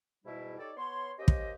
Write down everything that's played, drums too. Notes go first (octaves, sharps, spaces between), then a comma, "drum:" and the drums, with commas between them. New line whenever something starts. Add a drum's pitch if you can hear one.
E2 G#2 B2 G3 E4
D#4 G4 A4 C#5 D5
B3 C#5 C6
A#3 C#4 G4 A#4 C5 D#5
drum: kick